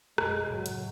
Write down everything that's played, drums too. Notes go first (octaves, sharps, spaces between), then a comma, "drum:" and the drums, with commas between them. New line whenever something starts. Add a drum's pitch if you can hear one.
F#2 B2 G#3, drum: rim click
A2 C#3 F#3
drum: hi-hat